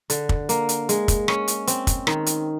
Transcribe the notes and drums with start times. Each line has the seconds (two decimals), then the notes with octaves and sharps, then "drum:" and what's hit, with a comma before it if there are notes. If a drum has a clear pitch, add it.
0.10 D3, drum: hi-hat
0.29 drum: kick
0.49 A#3, drum: hi-hat
0.69 drum: hi-hat
0.89 G#3, drum: hi-hat
1.08 drum: kick, hi-hat
1.28 C#4, drum: rim click
1.48 drum: hi-hat
1.67 C4, drum: hi-hat
1.87 drum: kick, hi-hat
2.07 D#3, drum: rim click
2.26 drum: hi-hat